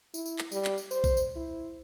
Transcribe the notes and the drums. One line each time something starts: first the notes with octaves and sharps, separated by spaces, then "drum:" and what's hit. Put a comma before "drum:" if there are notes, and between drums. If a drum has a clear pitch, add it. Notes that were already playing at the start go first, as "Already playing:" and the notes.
E4, drum: tambourine
drum: tambourine
drum: clap
G3, drum: tambourine
drum: clap
drum: tambourine
C5, drum: tambourine
drum: kick, tambourine
drum: tambourine
E4